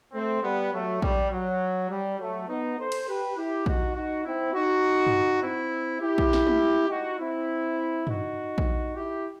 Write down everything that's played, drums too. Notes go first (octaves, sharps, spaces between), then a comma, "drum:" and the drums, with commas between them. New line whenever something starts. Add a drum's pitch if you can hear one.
A3 C4
G3 B3
F#3 A3
G3, drum: kick A#1
F#3
G3
F#3 A3
B3 D#4
A4 C5
drum: cymbal
G4 B4
E4 G4
D#4 F#4, drum: kick A#1
D#4 F#4
C4 E4
D#4 F#4
drum: tom
C4 E4
E4 G4
drum: kick A#1
drum: snare
drum: tom
D#4 F#4
C4 E4
D#4 F#4, drum: tom
drum: kick A#1
E4 G4